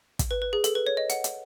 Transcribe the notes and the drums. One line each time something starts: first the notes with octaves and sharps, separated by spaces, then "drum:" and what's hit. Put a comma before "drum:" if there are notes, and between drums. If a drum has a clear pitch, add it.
drum: kick, hi-hat
B4
B4
G#4
A4, drum: hi-hat
B4
C#5
D#5
F#5, drum: hi-hat
drum: hi-hat